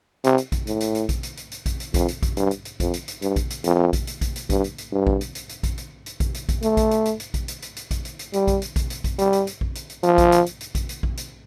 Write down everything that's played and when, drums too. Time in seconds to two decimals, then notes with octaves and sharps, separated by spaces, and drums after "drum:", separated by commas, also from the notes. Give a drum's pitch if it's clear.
0.24 C3, drum: hi-hat
0.38 drum: hi-hat
0.52 drum: kick A#1, hi-hat
0.67 A2, drum: hi-hat
0.80 drum: hi-hat
0.95 drum: hi-hat
1.09 drum: kick A#1, hi-hat
1.23 drum: hi-hat
1.37 drum: hi-hat
1.51 drum: hi-hat
1.66 drum: kick A#1, hi-hat
1.80 drum: hi-hat
1.94 F2, drum: kick A#1, hi-hat
2.08 drum: hi-hat
2.23 drum: kick A#1, hi-hat
2.37 G2, drum: hi-hat
2.51 drum: hi-hat
2.65 drum: hi-hat
2.80 F2, drum: kick A#1, hi-hat
2.94 drum: hi-hat
3.08 drum: hi-hat
3.22 G2, drum: hi-hat
3.36 drum: kick A#1, hi-hat
3.50 drum: hi-hat
3.64 F2, drum: hi-hat
3.93 drum: kick A#1, hi-hat
4.07 drum: hi-hat
4.21 drum: kick A#1, hi-hat
4.36 drum: hi-hat
4.50 G2, drum: kick A#1, hi-hat
4.64 drum: hi-hat
4.78 drum: hi-hat
4.92 G2
5.07 drum: kick A#1
5.21 drum: hi-hat
5.35 drum: hi-hat
5.49 drum: hi-hat
5.63 drum: kick A#1, hi-hat
5.78 drum: hi-hat
6.06 drum: hi-hat
6.20 drum: kick A#1, hi-hat
6.34 drum: hi-hat
6.49 drum: kick A#1, hi-hat
6.62 A3, drum: hi-hat
6.77 drum: kick A#1, hi-hat
6.91 drum: hi-hat
7.05 drum: hi-hat
7.20 drum: hi-hat
7.34 drum: kick A#1, hi-hat
7.48 drum: hi-hat
7.62 drum: hi-hat
7.76 drum: hi-hat
7.91 drum: kick A#1, hi-hat
8.05 drum: hi-hat
8.19 drum: hi-hat
8.33 G3, drum: hi-hat
8.48 drum: kick A#1, hi-hat
8.62 drum: hi-hat
8.76 drum: kick A#1, hi-hat
8.90 drum: hi-hat
9.04 drum: kick A#1, hi-hat
9.19 G3, drum: hi-hat
9.33 drum: hi-hat
9.47 drum: hi-hat
9.61 drum: kick A#1
9.75 drum: hi-hat
9.90 drum: hi-hat
10.03 F3, drum: hi-hat
10.18 drum: kick A#1, hi-hat
10.32 drum: hi-hat
10.46 drum: hi-hat
10.61 drum: hi-hat
10.75 drum: kick A#1, hi-hat
10.89 drum: hi-hat
11.03 drum: kick A#1
11.17 drum: hi-hat